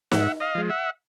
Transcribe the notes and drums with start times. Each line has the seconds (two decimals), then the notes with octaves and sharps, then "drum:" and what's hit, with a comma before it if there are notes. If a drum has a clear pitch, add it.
0.11 G#2 E5 F#5, drum: snare
0.40 D#5 F5
0.55 F3 G#3
0.70 E5 F#5